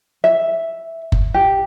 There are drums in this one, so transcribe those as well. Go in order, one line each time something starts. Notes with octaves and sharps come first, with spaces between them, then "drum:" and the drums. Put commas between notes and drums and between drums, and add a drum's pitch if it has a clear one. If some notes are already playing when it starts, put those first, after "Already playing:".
E5
drum: kick F#1
G4